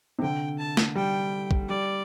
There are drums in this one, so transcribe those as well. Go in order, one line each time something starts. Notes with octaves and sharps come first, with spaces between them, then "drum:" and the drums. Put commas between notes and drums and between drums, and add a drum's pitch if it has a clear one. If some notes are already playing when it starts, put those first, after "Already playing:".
C3
D3 G5
A5
drum: snare
G3 G5
drum: kick
G3 D5